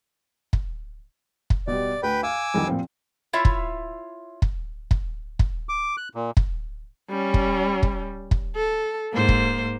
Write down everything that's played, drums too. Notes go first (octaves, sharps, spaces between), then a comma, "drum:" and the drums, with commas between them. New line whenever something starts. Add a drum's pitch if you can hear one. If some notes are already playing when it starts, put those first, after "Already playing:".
drum: kick
drum: kick
B2 G3 D5
D2 B4 G5 B5
F5 G#5 D6 E6
C2 F2 D#3
A#2 F3 C4
E4 F4 C#5 E5
drum: kick
drum: kick
drum: kick
drum: kick
D6
F#6
A#2
drum: kick
G3 C#4
drum: kick
drum: kick
drum: kick
A4
G#2 A#3 C5
drum: kick